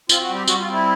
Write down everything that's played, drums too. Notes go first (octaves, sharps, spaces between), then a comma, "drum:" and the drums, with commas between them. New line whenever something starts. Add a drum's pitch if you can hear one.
C4 F4, drum: tambourine
F#4
G3
G4
G3 F#4, drum: tambourine
F4
C4
E4